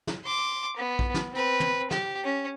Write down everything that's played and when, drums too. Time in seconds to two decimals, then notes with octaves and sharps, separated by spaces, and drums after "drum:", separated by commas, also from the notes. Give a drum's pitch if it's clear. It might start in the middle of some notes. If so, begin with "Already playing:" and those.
0.07 drum: snare
0.25 C6 D6
0.76 B3
0.99 drum: kick A#1
1.14 drum: snare
1.33 C4 B4
1.60 drum: tom
1.91 G4, drum: snare
2.24 C#4